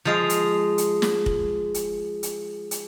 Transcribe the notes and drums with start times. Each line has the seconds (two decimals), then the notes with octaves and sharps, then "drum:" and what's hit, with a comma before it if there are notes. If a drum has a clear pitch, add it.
0.05 F3 G#3 F5
0.30 drum: hi-hat
0.78 drum: hi-hat
1.02 drum: snare
1.26 drum: kick
1.74 drum: hi-hat
2.23 drum: hi-hat
2.71 drum: hi-hat